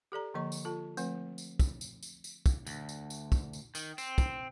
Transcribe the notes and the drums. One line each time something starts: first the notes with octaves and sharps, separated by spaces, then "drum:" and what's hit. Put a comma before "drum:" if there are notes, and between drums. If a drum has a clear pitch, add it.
G4 A4 D5 A#5
D3 F3 A#3 D#5 C#6
drum: tambourine
F4 A4 A5
F3 A3 C4 B4, drum: tambourine
drum: tambourine
drum: kick, tambourine
drum: tambourine
drum: tambourine
drum: tambourine
drum: kick, tambourine
D2, drum: tambourine
drum: tambourine
drum: tambourine
drum: kick, tambourine
drum: tambourine
D#3, drum: tambourine
C4, drum: tambourine
drum: kick, tambourine